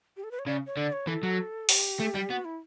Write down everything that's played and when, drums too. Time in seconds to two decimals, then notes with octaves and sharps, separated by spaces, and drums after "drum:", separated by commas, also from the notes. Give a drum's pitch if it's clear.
0.17 G4
0.24 A4
0.31 B4
0.39 C#5
0.46 C#3 D5
0.66 C#5
0.77 D3 D5
0.92 C#5
1.07 E3 A4
1.23 F#3
1.69 G4, drum: open hi-hat
2.00 A3
2.15 G3
2.30 B3 F#4
2.45 E4